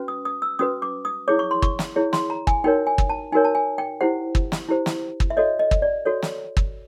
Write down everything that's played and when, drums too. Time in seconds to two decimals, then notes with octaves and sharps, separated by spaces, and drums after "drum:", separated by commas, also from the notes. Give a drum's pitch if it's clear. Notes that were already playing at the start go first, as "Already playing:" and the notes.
Already playing: C#4 F#4 B4
0.08 D#6
0.25 D#6
0.42 E6
0.59 C#4 F#4 B4 D#6
0.82 D6
1.05 D#6
1.28 E4 G#4 C#5 D6
1.39 C#6
1.51 C6
1.62 C#6, drum: kick
1.79 drum: snare
1.96 E4 G#4 C#5
2.13 C6, drum: snare
2.30 A#5
2.47 G#5, drum: kick
2.64 D#4 F#4 A#4 C#5 G5
2.87 G#5
2.98 drum: kick
3.09 A5
3.32 D#4 F#4 A#4 C#5 G#5
3.45 A5
3.55 G#5
3.78 G5
4.01 E4 G4 C5 F#5
4.35 drum: kick
4.52 drum: snare
4.68 E4 G4 C5
4.86 drum: snare
5.20 drum: kick
5.30 E5
5.37 F#4 A4 C#5 D#5
5.59 D#5
5.71 drum: kick
5.82 D5
6.05 F#4 A4 C#5
6.22 drum: snare
6.57 drum: kick